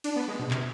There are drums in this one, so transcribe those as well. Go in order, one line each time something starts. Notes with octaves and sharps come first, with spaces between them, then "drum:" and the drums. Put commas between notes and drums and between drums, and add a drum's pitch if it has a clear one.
D4, drum: cymbal
B3
G#3
B2
C3, drum: clap